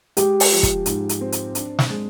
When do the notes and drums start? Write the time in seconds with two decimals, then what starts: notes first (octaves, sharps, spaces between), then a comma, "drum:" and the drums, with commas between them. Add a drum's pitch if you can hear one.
0.17 G#3 G4, drum: hi-hat
0.40 drum: open hi-hat
0.52 F3
0.63 drum: kick, hi-hat
0.86 G#2, drum: hi-hat
1.09 drum: hi-hat
1.21 C4
1.32 drum: hi-hat
1.55 D4, drum: hi-hat
1.79 drum: snare
1.90 G#3